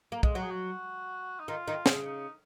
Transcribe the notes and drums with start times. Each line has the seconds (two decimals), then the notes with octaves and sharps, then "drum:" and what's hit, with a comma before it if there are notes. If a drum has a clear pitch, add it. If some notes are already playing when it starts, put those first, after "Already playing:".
0.12 A#3
0.23 G#3, drum: kick
0.35 F#3 F#4
0.43 G#4
0.50 F#4
1.40 D#4
1.48 D#3 F4
1.68 D#3
1.86 C#3, drum: snare
2.05 D#4